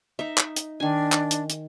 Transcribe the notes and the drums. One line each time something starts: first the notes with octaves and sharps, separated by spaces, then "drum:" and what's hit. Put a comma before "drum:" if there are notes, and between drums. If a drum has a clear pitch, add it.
D#4 E5
drum: clap
drum: hi-hat
D#3 D4 G#5
drum: clap
drum: hi-hat
drum: hi-hat